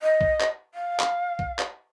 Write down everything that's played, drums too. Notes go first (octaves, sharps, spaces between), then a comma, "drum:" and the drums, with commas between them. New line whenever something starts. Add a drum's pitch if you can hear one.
D#5
drum: kick B1
drum: clap
F5
drum: clap
drum: kick B1
drum: clap